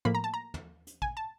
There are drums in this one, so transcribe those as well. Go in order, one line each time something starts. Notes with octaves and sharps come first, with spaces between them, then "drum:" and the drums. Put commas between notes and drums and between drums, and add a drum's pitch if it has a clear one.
A2 F3 A#3 B5
A#5
A5
A#5
drum: tom
drum: hi-hat
G#5, drum: kick
A5